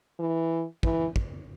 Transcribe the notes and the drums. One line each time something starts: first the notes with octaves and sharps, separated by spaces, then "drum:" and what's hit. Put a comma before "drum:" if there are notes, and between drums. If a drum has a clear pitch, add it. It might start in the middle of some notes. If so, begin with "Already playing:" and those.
E3
E3, drum: kick
drum: kick